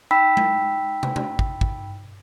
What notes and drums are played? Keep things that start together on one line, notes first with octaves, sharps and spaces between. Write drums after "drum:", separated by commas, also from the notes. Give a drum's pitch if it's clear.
D#4 G5 B5 E6 B6
drum: tom G#3
drum: tom
drum: tom
drum: kick
drum: kick